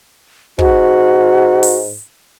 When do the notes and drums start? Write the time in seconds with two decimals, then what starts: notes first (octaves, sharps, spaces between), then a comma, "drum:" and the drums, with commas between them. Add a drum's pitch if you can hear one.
0.59 G#2 F#4, drum: kick
1.63 drum: open hi-hat